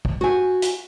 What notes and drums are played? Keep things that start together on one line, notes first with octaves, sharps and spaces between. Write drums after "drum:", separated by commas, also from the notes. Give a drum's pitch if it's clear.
drum: kick
F#4 G#5
drum: hi-hat